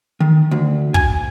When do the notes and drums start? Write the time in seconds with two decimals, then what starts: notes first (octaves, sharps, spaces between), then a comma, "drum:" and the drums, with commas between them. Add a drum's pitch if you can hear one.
0.20 D#3
0.51 D2
0.94 G#5, drum: kick